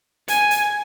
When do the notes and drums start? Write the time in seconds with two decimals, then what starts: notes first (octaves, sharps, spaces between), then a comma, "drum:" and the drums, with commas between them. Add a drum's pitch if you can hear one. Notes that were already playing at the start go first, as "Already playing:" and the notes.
0.28 G#5, drum: hi-hat
0.51 drum: hi-hat